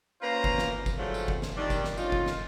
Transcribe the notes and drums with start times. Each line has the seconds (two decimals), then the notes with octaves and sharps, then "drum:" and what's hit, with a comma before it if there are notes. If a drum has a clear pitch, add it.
0.22 A#3 C#4 F4 B4 C5 A#5
0.44 drum: kick F#1
0.58 drum: snare
0.86 drum: kick F#1, tambourine
0.97 G#2 D3 F3 F#3 A3
1.14 drum: tambourine
1.28 drum: kick F#1
1.42 drum: snare
1.56 D#3 G3 D4
1.70 drum: kick F#1, tambourine
1.84 drum: snare
1.97 D3 C#4 D#4 F4, drum: tambourine
2.12 drum: kick F#1
2.26 drum: snare